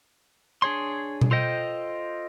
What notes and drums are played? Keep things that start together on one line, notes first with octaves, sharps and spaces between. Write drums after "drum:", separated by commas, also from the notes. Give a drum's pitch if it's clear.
D4 G#4 C#5 C6
drum: tom B2
F4 A4 C5 D#5 G5